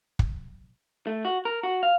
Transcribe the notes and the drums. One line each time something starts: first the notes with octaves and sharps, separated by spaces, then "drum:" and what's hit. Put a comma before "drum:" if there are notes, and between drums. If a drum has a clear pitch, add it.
drum: kick
A3
F#4
A#4
F#4
F5